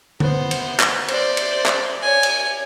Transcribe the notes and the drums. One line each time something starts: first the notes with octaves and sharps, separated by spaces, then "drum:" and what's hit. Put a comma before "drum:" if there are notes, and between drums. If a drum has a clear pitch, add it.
B3 C5, drum: tom D3
drum: cymbal
drum: clap
C5 D5, drum: cymbal
drum: cymbal
drum: clap
C#5 G#5
drum: cymbal